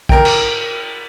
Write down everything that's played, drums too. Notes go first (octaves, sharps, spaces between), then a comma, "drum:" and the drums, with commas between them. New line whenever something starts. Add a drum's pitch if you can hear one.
A#4 G5, drum: kick
drum: cymbal